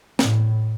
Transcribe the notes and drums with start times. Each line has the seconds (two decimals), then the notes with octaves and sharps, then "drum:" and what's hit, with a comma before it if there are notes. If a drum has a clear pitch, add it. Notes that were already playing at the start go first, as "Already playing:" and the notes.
0.19 A2, drum: snare